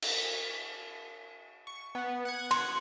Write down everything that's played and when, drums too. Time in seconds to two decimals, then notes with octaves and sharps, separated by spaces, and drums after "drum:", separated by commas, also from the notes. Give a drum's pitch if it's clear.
0.02 drum: cymbal
1.67 C#6
1.95 B3
2.25 F#5 F#6 G#6
2.51 C6, drum: cymbal